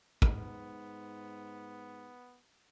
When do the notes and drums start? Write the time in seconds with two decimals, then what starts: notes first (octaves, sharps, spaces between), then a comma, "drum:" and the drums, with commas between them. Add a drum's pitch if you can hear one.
0.22 G#2 B3, drum: kick